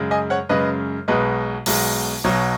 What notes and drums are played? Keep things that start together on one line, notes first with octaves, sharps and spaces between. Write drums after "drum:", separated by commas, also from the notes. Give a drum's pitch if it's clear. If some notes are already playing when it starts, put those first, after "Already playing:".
Already playing: F#2 C#3 G#3
D#5 G#5
C#5 F#5
F#2 C#3 G#3 B4 D#5
B1 B2 G#3 B4 D#5
B1 B2 G#3, drum: open hi-hat
B1 B2 F#3 C#5